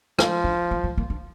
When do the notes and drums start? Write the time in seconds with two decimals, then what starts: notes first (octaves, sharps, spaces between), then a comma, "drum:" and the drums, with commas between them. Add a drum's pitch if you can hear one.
0.19 F3, drum: rim click
0.44 D4
0.71 A#3
0.84 G#3
0.97 A#3
1.10 D4